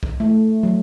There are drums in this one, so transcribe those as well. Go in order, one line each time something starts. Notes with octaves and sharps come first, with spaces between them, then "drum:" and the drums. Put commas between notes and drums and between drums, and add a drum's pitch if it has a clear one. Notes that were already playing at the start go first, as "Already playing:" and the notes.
drum: kick
A3
F#3